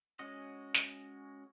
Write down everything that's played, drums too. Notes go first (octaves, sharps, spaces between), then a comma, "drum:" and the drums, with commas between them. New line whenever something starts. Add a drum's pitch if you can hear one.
G#3 C#4 F#4 D#5
drum: snare